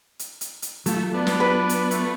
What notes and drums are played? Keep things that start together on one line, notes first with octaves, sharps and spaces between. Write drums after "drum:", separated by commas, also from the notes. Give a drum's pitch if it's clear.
drum: hi-hat
drum: hi-hat
drum: hi-hat
F#3 A3 F4, drum: hi-hat
B3 D4
drum: snare
B4
drum: hi-hat
A3, drum: hi-hat